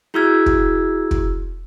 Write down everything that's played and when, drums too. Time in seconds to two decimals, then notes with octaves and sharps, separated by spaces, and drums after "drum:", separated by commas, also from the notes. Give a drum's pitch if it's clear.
0.14 E4 F#4 G#4 E6 F6 G#6
0.46 drum: kick
1.11 drum: kick